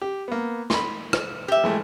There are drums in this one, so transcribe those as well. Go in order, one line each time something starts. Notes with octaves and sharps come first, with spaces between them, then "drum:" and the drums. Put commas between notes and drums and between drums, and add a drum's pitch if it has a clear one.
G4
A#3 B3
B5 C6, drum: snare
drum: rim click
G4 E5
E3 G#3 A3